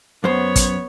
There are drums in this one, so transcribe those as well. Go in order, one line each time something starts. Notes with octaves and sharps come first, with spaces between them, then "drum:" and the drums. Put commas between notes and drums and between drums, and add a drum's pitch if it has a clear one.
F#2 B3 C5 C#5
drum: kick, hi-hat